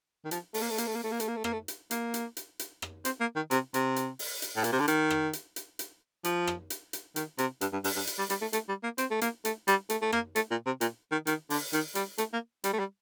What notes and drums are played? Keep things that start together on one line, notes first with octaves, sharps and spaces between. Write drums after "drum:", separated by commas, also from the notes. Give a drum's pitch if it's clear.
D#3
F3, drum: hi-hat
A3, drum: open hi-hat
A#3
A3
A#3, drum: hi-hat
A3
A#3
A3
A#3
A3, drum: hi-hat
A#3
A3
A#3, drum: rim click
A3
drum: hi-hat
A#3, drum: hi-hat
drum: hi-hat
drum: hi-hat
drum: hi-hat
drum: rim click
C4, drum: hi-hat
A#3
D#3
C3, drum: hi-hat
C3, drum: hi-hat
drum: hi-hat
drum: open hi-hat
drum: hi-hat
A2
A#2, drum: hi-hat
C3
D3
D#3, drum: hi-hat
drum: rim click
drum: hi-hat
drum: hi-hat
drum: hi-hat
F3, drum: hi-hat
drum: rim click
drum: hi-hat
drum: hi-hat
D#3, drum: hi-hat
C3, drum: hi-hat
G2, drum: hi-hat
G2
G2, drum: open hi-hat
G2
drum: hi-hat
G3
G3, drum: hi-hat
A3
A3, drum: hi-hat
G3
A#3
C4, drum: hi-hat
A3
A#3, drum: hi-hat
A3, drum: hi-hat
G3, drum: hi-hat
A3, drum: hi-hat
A3
A#3, drum: rim click
A3, drum: hi-hat
A#2
C3
A#2, drum: hi-hat
D#3
D#3, drum: hi-hat
D3, drum: open hi-hat
D#3, drum: hi-hat
G3, drum: hi-hat
A3, drum: hi-hat
A#3
G3, drum: hi-hat
A3
G3